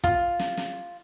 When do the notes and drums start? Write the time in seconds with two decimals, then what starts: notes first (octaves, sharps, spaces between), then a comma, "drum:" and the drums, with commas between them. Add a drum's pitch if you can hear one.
0.04 F4, drum: kick
0.39 drum: snare
0.57 drum: snare